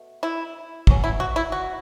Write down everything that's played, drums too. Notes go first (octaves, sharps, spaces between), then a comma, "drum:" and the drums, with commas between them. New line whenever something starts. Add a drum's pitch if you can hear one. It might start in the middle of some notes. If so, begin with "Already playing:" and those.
Already playing: B2 A3
E4
B2 F#3 C#4, drum: kick
E4
F#4
E4
F#4